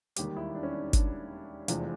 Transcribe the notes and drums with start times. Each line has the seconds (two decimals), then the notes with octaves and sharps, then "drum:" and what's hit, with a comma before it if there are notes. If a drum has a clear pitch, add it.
0.16 E1 D#2 D#3 G3 G4, drum: hi-hat
0.37 E4
0.54 D4
0.63 C#4
0.71 D4
0.93 D4, drum: kick G#1, hi-hat
1.68 F1 E2 C3 F3 G#3 D4, drum: hi-hat